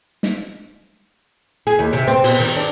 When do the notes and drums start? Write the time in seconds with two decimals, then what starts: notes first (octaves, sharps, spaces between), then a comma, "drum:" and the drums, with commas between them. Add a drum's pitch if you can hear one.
0.23 drum: snare
1.67 G#4
1.79 D#2
1.93 C3
2.08 C4
2.24 B2, drum: open hi-hat
2.40 D#3
2.57 D4